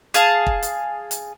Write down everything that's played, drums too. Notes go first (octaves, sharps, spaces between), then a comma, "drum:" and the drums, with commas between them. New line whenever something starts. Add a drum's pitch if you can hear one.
G#4 F5 A5, drum: hi-hat
drum: kick
drum: hi-hat
drum: hi-hat